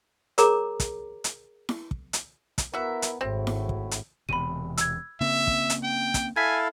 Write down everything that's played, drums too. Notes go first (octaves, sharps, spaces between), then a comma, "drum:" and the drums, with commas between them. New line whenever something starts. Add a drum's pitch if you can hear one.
G#4 A#4 C#5 A#5 D6, drum: hi-hat
drum: kick, hi-hat
drum: hi-hat
drum: snare E4
drum: kick
drum: hi-hat
drum: kick, hi-hat
B3 E4 F#4 A#4 E5
drum: hi-hat
G#1 A2 C4 E4 F#4
drum: snare E4
drum: kick
drum: hi-hat
E1 E2 C3 B5 D#7
E6 G#6, drum: hi-hat
C#3 A#3 C4 E5
drum: kick
drum: hi-hat
G5
drum: kick, hi-hat
E4 A4 F5 G#5 G#6 B6